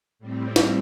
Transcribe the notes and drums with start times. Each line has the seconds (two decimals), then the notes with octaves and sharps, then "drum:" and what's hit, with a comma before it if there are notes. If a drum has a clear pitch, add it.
0.19 A2 G3 C4
0.56 drum: snare